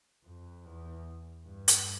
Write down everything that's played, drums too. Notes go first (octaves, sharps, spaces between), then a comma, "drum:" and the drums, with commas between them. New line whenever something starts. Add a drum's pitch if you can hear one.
F2
E2
G2
drum: hi-hat